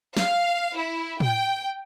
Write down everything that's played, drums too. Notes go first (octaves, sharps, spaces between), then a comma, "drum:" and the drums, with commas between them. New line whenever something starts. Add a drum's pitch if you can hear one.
F5, drum: snare
E4
G5, drum: tom A2